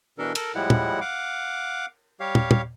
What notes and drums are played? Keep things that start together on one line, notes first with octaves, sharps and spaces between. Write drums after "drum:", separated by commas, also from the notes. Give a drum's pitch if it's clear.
B2 E3 D4 A4 A#4
A4 A#4, drum: cymbal
A2 F3 G3 G#3 E4 F#5
drum: tom
F5 F#5 D6
G3 G4 C#5 F5
drum: tom
drum: tom